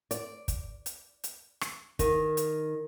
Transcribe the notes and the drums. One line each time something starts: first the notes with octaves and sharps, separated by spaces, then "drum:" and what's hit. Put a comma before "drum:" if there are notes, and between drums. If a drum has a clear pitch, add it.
D5, drum: hi-hat
drum: kick, hi-hat
drum: hi-hat
drum: hi-hat
drum: rim click
D#3, drum: kick, hi-hat
drum: hi-hat